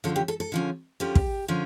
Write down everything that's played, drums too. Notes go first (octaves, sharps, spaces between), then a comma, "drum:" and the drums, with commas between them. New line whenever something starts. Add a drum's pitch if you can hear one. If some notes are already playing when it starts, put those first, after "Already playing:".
D3 F3 C#4 A4
G4
A4
A4
D3 F3 C#4
D3 F3 C#4 G4
drum: kick
D3 F3 C#4